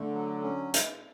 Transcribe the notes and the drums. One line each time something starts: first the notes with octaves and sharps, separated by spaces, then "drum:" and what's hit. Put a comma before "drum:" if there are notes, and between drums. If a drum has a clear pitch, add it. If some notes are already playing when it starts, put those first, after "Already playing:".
Already playing: D3 A3
F#3
C#4
drum: hi-hat